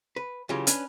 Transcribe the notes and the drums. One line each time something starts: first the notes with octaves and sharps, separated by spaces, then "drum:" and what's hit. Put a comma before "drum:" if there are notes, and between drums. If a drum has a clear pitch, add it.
B4
C#3 E3 F#3 F4 G4
C#4 D4 B4, drum: hi-hat